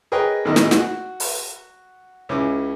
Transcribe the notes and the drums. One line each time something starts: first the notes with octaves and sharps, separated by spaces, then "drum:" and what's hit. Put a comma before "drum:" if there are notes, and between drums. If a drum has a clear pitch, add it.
G#4 A#4 B4 C#5 D#5 G5
A1 B2 D#3 A4 D#5
drum: snare
F#4, drum: snare
drum: open hi-hat
C#2 C#4 E4 D6